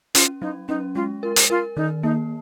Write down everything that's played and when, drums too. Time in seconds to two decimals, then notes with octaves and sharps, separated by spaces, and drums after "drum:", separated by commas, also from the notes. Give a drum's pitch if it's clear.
0.15 C#4 F4, drum: hi-hat
0.42 F#3 D#4
0.68 C#4 D#4
0.95 G#3 F4
1.23 F4 A#4
1.36 drum: hi-hat
1.50 F4 A#4
1.77 D#3 D#4
2.03 A#3 D#4